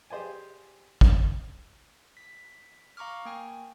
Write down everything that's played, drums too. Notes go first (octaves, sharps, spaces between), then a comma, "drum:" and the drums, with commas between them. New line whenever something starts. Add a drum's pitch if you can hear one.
G4 G#4 C5 D5 G#5
drum: kick
B6
F5 A#5 C#6 D6 F6
A#3 G5 G#5